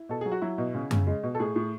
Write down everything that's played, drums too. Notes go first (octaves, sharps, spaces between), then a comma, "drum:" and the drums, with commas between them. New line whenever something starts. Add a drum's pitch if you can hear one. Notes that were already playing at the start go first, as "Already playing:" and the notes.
Already playing: E4
B2 A4
F#3 G#4
F#4
F#3 E4
B2
C#3
C#3, drum: tom F#2
G#3
B2
A4
A2 G#4
A2